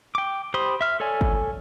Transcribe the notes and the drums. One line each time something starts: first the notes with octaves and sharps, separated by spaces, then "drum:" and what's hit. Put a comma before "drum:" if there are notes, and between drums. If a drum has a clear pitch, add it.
G5 D6
G4 C5 B5 C6 D#6
E5 F6
A4 C#5 D5 G#5
drum: kick